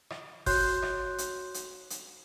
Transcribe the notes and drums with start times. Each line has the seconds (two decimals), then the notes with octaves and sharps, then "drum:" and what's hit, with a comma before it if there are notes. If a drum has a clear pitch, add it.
0.10 drum: rim click
0.46 F#4 C#5 C6 F#6 G6, drum: kick G1, open hi-hat
0.82 drum: rim click
1.18 drum: hi-hat
1.54 drum: hi-hat
1.90 drum: hi-hat